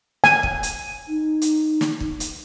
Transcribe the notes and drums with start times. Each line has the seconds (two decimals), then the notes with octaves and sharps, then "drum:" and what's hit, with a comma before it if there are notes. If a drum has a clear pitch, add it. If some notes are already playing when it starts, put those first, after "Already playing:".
0.24 G#5, drum: snare
0.43 drum: kick
0.63 drum: hi-hat
1.08 D#4
1.42 drum: hi-hat
1.81 drum: snare
2.00 drum: kick
2.20 drum: hi-hat